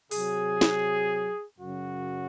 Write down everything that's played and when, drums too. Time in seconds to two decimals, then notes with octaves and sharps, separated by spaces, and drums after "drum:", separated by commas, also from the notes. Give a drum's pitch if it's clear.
0.11 C3 F#3 G#4, drum: open hi-hat
0.61 drum: snare
1.58 F#2 C#3 F#3 F#4